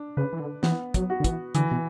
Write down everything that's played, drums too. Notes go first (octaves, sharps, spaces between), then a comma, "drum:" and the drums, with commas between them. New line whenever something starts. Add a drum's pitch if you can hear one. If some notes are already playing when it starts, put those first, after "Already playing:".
Already playing: D4
C#3 B4
E3
D3
E3 B3, drum: snare
F#3, drum: kick, hi-hat
F#4
D3
E3, drum: kick, hi-hat
D3 E3, drum: hi-hat
B2